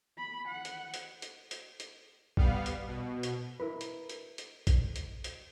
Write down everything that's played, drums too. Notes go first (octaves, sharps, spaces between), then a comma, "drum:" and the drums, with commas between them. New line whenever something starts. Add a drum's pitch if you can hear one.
B5
F#5
drum: hi-hat
drum: hi-hat
drum: hi-hat
drum: hi-hat
drum: hi-hat
G3 B3 F5, drum: kick A#1
drum: hi-hat
B2
drum: hi-hat
E4 A#4 B4
drum: hi-hat
drum: hi-hat
drum: hi-hat
drum: kick A#1, hi-hat
drum: hi-hat
drum: hi-hat